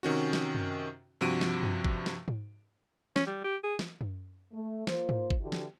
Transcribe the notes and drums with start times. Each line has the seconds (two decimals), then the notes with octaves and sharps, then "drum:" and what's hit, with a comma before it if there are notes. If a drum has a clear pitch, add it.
0.03 C3 D#3 C#4 F#4
0.33 drum: snare
0.55 drum: tom F#2
1.21 G2 C3 F3 F#4 D7 D#7
1.41 drum: snare
1.63 drum: tom F#2
1.85 drum: kick
2.06 drum: snare
2.28 drum: tom G#2
3.16 C#4, drum: snare
3.27 G3
3.44 G4
3.64 G#4
3.79 drum: snare
4.01 drum: tom F#2
4.52 A3
4.87 A#3 F4 C5, drum: snare
5.09 drum: tom G#2
5.30 drum: kick
5.40 D3 E3 E4 F#4 G4
5.52 drum: snare